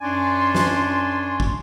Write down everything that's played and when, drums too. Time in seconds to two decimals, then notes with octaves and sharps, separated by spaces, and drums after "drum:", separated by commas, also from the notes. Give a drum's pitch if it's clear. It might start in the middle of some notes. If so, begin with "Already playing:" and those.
0.01 F#2 C#4 D4 D5 G#5 C6
0.55 drum: snare
1.40 drum: kick